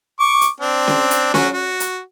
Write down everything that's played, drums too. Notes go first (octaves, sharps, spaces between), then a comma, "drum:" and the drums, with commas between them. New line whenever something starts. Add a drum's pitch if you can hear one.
C#6 D6
drum: hi-hat
C4 D4
drum: snare C#4
drum: hi-hat
F#3 C#4 F#4, drum: snare C#4
F#4
drum: hi-hat